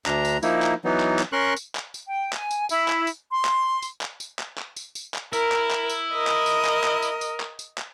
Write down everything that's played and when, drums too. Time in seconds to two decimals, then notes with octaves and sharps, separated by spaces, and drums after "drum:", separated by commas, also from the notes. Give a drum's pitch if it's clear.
0.06 D2 D4 A#5, drum: clap
0.25 drum: tambourine
0.43 F3 A#3 D#4 E4, drum: tambourine
0.62 drum: clap
0.84 E3 F#3 B3 D#4
1.00 drum: clap
1.19 drum: clap
1.32 C#4 A#4 C6 C#6 F#6
1.56 drum: tambourine
1.75 drum: clap
1.94 drum: tambourine
2.08 G5
2.33 G#5, drum: clap
2.51 drum: tambourine
2.69 E4, drum: tambourine
2.88 drum: clap
3.07 drum: tambourine
3.31 C6
3.45 drum: clap
3.82 drum: tambourine
4.01 drum: clap
4.20 drum: tambourine
4.39 drum: clap
4.58 drum: clap
4.77 drum: tambourine
4.95 drum: tambourine
5.14 drum: clap
5.33 E4 A#4, drum: tambourine
5.52 drum: clap
5.71 drum: clap
5.89 drum: tambourine
6.14 A#4 D#5
6.27 drum: clap
6.46 drum: tambourine
6.65 drum: clap
6.84 drum: clap
7.02 drum: tambourine
7.21 drum: tambourine
7.40 drum: clap
7.59 drum: tambourine
7.78 drum: clap